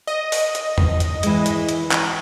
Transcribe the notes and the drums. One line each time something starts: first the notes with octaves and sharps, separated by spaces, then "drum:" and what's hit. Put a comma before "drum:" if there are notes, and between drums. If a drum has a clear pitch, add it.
D#5
drum: open hi-hat
drum: hi-hat
drum: tom E2
drum: hi-hat
E3 G#3, drum: hi-hat
drum: hi-hat
drum: hi-hat
drum: clap